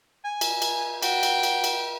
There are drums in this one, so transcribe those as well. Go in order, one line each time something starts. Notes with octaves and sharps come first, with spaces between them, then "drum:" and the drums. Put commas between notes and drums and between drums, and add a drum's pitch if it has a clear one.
G#5
drum: cymbal
drum: cymbal
F#4 G5, drum: cymbal
drum: cymbal
drum: cymbal
drum: cymbal